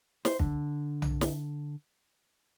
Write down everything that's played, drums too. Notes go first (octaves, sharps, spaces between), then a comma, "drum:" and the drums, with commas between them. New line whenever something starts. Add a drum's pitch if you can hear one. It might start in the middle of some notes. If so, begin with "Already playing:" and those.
C5, drum: snare
D3, drum: kick
drum: tom B1
drum: snare